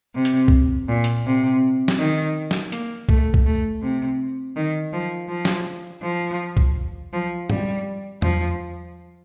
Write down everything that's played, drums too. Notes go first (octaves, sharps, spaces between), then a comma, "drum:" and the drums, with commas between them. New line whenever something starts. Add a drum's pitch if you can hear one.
C3
drum: hi-hat
drum: kick
A#2
drum: hi-hat
C3
drum: snare
D#3
drum: snare
A#3, drum: hi-hat
A3, drum: kick
drum: kick
A3
C3
D#3
F3
F3
drum: snare
F3
drum: kick
F3
G3, drum: tom
F3, drum: tom E2